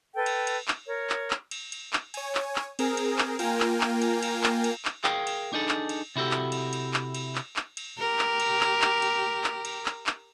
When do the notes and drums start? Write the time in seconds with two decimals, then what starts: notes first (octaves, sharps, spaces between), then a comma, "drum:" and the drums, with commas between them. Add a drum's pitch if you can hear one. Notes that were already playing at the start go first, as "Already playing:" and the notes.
0.13 A4 B4 G5
0.26 drum: cymbal
0.47 drum: cymbal
0.68 drum: clap
0.86 A#4 C#5
1.10 drum: clap
1.30 drum: clap
1.51 drum: cymbal
1.72 drum: cymbal
1.93 drum: clap
2.14 C#5 G#5, drum: cymbal
2.35 drum: clap
2.56 drum: clap
2.79 C4 G#4 A#4, drum: cymbal
2.97 drum: cymbal
3.18 drum: clap
3.39 A#3 F4 A#4 G5 G#5, drum: cymbal
3.60 drum: clap
3.81 drum: clap
4.02 drum: cymbal
4.22 drum: cymbal
4.43 drum: clap
4.64 drum: cymbal
4.85 drum: clap
5.04 G#4 A#4 F5 G5, drum: clap
5.27 drum: cymbal
5.53 D4 D#4 G#4 A4
5.68 drum: clap
5.89 drum: cymbal
6.16 C3 E4 F#4 G4 A4
6.31 drum: clap
6.52 drum: cymbal
6.73 drum: cymbal
6.94 drum: clap
7.14 drum: cymbal
7.35 drum: clap
7.56 drum: clap
7.77 drum: cymbal
7.98 G4 A#4
8.19 drum: clap
8.40 drum: cymbal
8.60 drum: clap
8.81 drum: clap
9.02 drum: cymbal
9.44 drum: clap
9.65 drum: cymbal
9.86 drum: clap
10.06 drum: clap